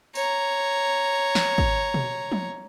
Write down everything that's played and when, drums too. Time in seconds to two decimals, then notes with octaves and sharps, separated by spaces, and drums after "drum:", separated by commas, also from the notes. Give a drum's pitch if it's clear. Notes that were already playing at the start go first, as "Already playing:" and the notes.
0.15 C#5 A#5, drum: tambourine
1.35 drum: snare
1.58 drum: kick
1.94 drum: tom B2
2.32 drum: tom F3